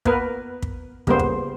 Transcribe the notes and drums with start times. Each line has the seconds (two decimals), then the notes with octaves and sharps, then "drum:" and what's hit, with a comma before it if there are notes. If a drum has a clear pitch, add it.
0.05 A#3 B3 A#4 B4, drum: kick
0.62 drum: kick
1.07 C#3 G3 A#3 B3 C5, drum: kick
1.19 drum: kick